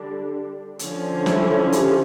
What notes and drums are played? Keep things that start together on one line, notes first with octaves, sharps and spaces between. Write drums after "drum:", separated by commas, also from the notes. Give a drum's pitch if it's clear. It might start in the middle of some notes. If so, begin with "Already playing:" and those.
Already playing: D3 G3 D4
D3 F3 C#4, drum: hi-hat
E4, drum: snare
G4, drum: hi-hat